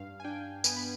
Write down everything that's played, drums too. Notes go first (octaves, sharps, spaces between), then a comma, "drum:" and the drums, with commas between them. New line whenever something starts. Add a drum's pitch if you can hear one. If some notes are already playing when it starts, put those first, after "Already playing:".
Already playing: G2 F5
G#5
D4 G5
B3 G#5, drum: tambourine
B5